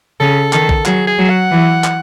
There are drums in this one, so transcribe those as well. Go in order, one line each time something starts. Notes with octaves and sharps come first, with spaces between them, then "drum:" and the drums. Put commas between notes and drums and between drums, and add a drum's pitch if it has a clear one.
C#3 A4
D#3 A4, drum: clap
drum: kick A#1
F#3 G#4, drum: clap
G#4
F#3
F#5
E3
drum: clap